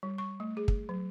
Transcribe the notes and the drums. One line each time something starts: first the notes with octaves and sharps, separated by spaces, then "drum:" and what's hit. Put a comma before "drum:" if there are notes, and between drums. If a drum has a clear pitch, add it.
G3
C#6
A3
G#4
drum: kick
F#3